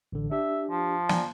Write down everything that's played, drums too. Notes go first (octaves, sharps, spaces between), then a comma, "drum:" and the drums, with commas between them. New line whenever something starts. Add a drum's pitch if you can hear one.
A1 D3
D4 G4 E5
F3
D5 G#5 A#5, drum: snare